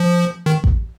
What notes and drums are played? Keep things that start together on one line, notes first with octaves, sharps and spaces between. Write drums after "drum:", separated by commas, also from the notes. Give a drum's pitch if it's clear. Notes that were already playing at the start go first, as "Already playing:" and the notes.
Already playing: F3
D#3
drum: kick A1